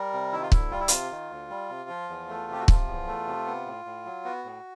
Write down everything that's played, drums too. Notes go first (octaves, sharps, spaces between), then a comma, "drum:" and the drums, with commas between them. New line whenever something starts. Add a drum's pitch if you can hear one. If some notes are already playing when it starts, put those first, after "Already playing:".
Already playing: G3 A#4
C3
D#3 E4
F4
D2 E4, drum: kick C#1
G3 F4
E4
C3 F4, drum: hi-hat
D#3
D2
G3
C3
F3
E2
A3
C3 G4
F#4
F3 F4, drum: kick C#1
E2
A3
C3
B3
A2
A2
F#3
B3 F#4
A2